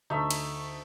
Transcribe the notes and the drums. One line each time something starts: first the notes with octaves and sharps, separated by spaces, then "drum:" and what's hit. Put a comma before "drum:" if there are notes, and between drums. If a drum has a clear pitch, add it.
D2 A3 D#4 E5 D#6
drum: cymbal